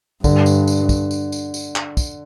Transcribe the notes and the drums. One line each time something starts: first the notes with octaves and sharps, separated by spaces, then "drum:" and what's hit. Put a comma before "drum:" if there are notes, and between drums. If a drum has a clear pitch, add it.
G2 D3, drum: kick, tambourine
drum: tambourine
drum: tambourine
drum: kick, tambourine
drum: tambourine
drum: tambourine
drum: tambourine
drum: clap
drum: kick, tambourine